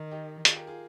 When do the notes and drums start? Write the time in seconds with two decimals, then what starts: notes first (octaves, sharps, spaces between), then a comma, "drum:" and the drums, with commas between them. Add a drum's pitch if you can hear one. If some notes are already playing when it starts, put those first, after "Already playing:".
Already playing: D#3
0.11 D#4 G4
0.45 F4 G#4, drum: hi-hat
0.56 G4 A#4
0.67 F4 G#4